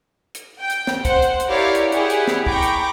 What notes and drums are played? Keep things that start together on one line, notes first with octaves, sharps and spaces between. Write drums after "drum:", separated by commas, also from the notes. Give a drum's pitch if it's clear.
drum: hi-hat
G5
drum: hi-hat
drum: snare
C5 F#5, drum: kick, hi-hat
drum: hi-hat
drum: hi-hat
E4 G4 A#4 C#5 D5 F5
drum: hi-hat
E4 G4 G#4 F#5, drum: hi-hat
drum: hi-hat
drum: snare
G5 A#5 B5 C#6 D6, drum: kick
drum: hi-hat